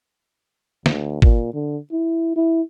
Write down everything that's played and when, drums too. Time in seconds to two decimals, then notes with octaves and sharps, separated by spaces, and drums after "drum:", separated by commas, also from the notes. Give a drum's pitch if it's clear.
0.86 D2, drum: snare
1.22 A#2, drum: kick
1.54 D3
1.92 E4
2.36 E4